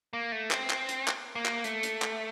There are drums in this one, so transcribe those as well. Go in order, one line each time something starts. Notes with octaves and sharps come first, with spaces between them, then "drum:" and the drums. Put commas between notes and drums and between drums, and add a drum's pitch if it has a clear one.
A#3
A3
C4, drum: clap
drum: clap
drum: hi-hat
drum: clap
A#3
drum: clap
A3, drum: hi-hat
drum: hi-hat
drum: clap